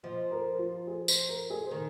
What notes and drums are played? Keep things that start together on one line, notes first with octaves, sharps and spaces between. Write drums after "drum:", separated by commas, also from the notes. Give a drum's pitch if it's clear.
F3 D#5
A#4
F4
G#4
C5, drum: tambourine
A#4
G#4
C5
D#3 A#4